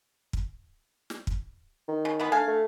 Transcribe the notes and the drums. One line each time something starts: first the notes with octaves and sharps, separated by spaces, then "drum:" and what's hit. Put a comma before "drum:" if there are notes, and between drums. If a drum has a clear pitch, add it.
drum: kick
drum: snare
drum: kick
D#3
C#3
E3 F3 B3
A3 D4 F5 G#5
A3